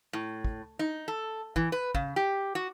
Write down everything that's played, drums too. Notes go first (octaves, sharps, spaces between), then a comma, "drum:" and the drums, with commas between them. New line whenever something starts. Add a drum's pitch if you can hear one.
A2
drum: kick
D#4
A4
E3, drum: kick
B4
C#3, drum: kick
G4
F#4